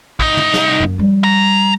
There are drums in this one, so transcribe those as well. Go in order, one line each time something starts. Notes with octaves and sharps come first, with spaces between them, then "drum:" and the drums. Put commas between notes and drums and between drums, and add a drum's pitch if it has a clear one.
C2 D#4, drum: kick
drum: tom
drum: snare
F#2 A#3
F3 G3
A#5